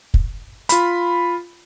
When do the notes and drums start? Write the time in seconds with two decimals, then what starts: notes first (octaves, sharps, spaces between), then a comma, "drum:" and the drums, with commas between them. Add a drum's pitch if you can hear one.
0.14 drum: kick
0.69 F4 B5, drum: hi-hat